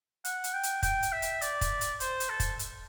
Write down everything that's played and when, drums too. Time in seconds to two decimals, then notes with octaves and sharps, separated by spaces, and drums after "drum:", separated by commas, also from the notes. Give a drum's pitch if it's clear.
0.25 F#5, drum: hi-hat
0.44 drum: hi-hat
0.54 G5
0.63 drum: hi-hat
0.83 G5, drum: kick, hi-hat
1.03 drum: hi-hat
1.12 E5
1.22 drum: hi-hat
1.41 D5, drum: hi-hat
1.61 drum: kick, hi-hat
1.81 drum: hi-hat
2.00 C5, drum: hi-hat
2.20 drum: hi-hat
2.29 A4
2.40 drum: kick, hi-hat
2.59 drum: hi-hat